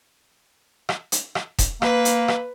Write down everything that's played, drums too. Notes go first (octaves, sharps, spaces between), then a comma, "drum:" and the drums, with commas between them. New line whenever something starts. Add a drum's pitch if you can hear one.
drum: rim click
drum: hi-hat
drum: rim click
drum: kick E1, hi-hat
A#3 B4, drum: rim click
drum: hi-hat
drum: rim click